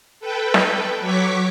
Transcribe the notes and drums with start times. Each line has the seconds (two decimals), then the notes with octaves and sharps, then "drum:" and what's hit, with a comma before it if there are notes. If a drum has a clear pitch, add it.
0.20 A4 B4 G5
0.54 drum: snare
0.99 F#3 C#5 C#6 D6 B6